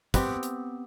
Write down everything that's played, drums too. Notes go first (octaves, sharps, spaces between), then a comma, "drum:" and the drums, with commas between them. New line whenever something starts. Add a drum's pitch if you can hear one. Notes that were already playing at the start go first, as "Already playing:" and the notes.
B3 C4 G4, drum: kick, hi-hat
drum: hi-hat